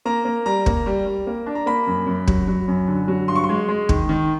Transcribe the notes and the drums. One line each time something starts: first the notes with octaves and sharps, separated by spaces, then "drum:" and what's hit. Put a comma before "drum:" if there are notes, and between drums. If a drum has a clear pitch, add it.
A#3 A#5
A#3
G3 A#5
A#3, drum: kick
G3
G3
A#3
D4
A#5
A#3 B5
F#2
F#2
F#3, drum: kick
F#3
F#2
D3
F#3
G2 C6
C#6
C6
G#3
G#3
D#3, drum: kick
D#3